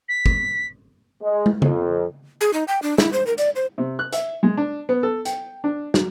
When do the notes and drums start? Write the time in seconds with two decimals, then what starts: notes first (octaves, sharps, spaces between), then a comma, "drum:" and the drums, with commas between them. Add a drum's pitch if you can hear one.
0.09 B6
0.26 drum: kick
1.22 G#3
1.46 drum: tom
1.62 F2, drum: tom C#3
2.41 G#4
2.53 D#4
2.68 G5
2.82 D4
2.98 E4, drum: snare
3.13 C5
3.27 A#4
3.38 D5, drum: hi-hat
3.56 C5
3.78 C3
3.99 F#6
4.13 E5, drum: hi-hat
4.43 G#3
4.57 D4
4.89 B3
5.03 A4
5.25 G5, drum: hi-hat
5.64 D4
5.94 F#3, drum: snare